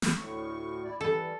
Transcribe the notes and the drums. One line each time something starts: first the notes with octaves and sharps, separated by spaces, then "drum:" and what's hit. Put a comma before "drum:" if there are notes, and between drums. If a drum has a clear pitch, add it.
drum: snare
D2 A2 C#6
E4 D5
E3 G3 A4